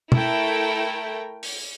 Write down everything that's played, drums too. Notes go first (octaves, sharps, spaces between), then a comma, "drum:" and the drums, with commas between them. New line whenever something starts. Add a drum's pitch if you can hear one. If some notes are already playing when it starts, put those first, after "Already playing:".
A3 E4 A#4 G5, drum: tom
drum: open hi-hat